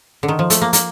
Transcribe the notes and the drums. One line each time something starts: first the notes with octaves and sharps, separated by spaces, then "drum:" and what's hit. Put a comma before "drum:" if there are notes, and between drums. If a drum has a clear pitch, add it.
D3
D#3
F3
A3, drum: hi-hat
A#3
A#3, drum: hi-hat